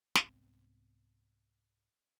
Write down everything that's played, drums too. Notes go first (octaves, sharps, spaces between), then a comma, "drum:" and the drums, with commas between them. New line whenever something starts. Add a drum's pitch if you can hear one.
C2 G#2 B3 C4, drum: snare